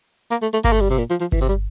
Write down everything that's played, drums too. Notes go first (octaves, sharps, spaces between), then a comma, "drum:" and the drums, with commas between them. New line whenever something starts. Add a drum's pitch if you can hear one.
A#3
A3
A3
A#3, drum: kick G1
A3
G3
C3
A#2
F3
F3
E3, drum: kick G1
C3
G3